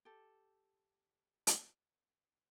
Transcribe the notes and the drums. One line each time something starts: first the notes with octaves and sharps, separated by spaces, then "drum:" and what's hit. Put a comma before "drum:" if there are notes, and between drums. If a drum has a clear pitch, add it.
G4 A4
drum: hi-hat